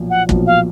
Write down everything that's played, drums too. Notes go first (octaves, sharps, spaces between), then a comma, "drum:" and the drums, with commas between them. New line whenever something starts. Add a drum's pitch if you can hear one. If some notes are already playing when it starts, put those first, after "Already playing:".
Already playing: B1 A#2 F3
F#5
B1 A#2 F3, drum: kick
F5